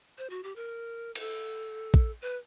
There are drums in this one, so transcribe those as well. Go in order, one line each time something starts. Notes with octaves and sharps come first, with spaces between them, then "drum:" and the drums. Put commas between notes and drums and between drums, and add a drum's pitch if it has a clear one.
C5
F#4
G4
A#4
A#4, drum: cymbal
A4
drum: kick
B4